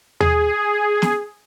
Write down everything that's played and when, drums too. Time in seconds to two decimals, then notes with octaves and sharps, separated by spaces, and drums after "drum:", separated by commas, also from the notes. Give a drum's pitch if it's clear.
0.21 G#4, drum: tom D#2
1.02 drum: snare